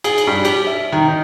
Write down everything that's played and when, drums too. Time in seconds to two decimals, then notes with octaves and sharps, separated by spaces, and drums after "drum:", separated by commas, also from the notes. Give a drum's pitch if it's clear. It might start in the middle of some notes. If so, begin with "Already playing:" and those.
0.04 G#4, drum: cymbal
0.18 drum: cymbal
0.27 G2
0.45 G4, drum: cymbal
0.67 E5
0.92 D#3
1.08 D#4